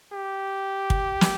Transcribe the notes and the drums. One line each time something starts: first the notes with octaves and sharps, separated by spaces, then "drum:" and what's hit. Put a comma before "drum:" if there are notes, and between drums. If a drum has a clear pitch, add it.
G4
drum: kick
drum: snare